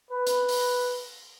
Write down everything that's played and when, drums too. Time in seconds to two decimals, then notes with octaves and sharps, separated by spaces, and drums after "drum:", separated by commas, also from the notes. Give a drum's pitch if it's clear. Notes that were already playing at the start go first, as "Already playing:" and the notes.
0.11 B4
0.27 drum: hi-hat
0.49 drum: open hi-hat